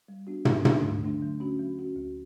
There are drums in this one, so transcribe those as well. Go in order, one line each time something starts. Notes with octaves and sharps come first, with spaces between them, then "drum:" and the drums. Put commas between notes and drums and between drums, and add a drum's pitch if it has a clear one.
G3
B3 D4 F#4
D2, drum: tom
D3 A3 D4, drum: tom
D2
D3 A3 D4
F#3
C#4 F#4
F#3
C#4 F#4
D2